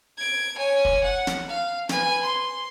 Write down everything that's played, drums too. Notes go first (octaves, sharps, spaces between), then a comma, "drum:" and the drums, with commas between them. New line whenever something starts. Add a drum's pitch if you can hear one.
G#6 D7
C#5 G#5
drum: kick
F#5
drum: snare
F5
B4 G#5, drum: snare
C6